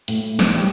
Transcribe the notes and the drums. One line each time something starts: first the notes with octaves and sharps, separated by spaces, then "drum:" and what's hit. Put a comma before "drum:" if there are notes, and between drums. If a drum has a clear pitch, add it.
A2, drum: hi-hat
drum: snare
G3